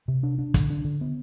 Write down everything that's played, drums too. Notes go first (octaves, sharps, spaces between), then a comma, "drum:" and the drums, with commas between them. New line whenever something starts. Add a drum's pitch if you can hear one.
C3
D4
D4
D3, drum: kick, hi-hat
D4
D3
B3